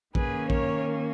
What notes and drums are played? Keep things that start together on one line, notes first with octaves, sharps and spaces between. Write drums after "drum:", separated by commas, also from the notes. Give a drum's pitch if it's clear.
D#3 A#3 C#4 G#4 B4, drum: kick A#1
A#4 C#5, drum: kick A#1